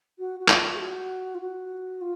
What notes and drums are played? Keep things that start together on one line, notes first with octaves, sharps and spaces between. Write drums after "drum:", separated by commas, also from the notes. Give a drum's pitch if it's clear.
F#4
F#4
F4, drum: clap
G#4
F#4
F4
F#4
F4